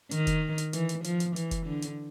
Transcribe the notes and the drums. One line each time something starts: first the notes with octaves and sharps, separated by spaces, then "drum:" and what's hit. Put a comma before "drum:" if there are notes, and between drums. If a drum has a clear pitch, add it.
D#3, drum: hi-hat
drum: kick F1, hi-hat
drum: hi-hat
E3, drum: hi-hat
drum: hi-hat
F3, drum: hi-hat
drum: hi-hat
E3, drum: hi-hat
drum: kick F1, hi-hat
D3
drum: hi-hat